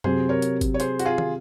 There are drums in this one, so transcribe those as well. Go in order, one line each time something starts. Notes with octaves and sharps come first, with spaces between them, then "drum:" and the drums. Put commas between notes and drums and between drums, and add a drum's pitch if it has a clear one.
C3 F#3 C4 G#4 C5, drum: tom F#2
A#4 C#5
drum: hi-hat
drum: kick G1, hi-hat
C#5
G#4 C5, drum: hi-hat
F#4, drum: hi-hat
F4 G#4
drum: tom